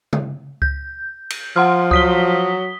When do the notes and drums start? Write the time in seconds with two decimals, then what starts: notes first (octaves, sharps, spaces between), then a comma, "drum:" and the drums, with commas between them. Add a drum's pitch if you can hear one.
0.13 drum: tom C#3
0.62 G6, drum: kick C#2
1.30 drum: cymbal
1.56 F3 F#5 C6 F6
1.91 F#3 D#6 B6 G7, drum: kick C#2